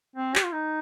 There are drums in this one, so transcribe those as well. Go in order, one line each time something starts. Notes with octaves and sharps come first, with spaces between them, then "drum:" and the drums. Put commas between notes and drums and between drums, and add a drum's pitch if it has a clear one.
C4
G4, drum: clap
F4
D#4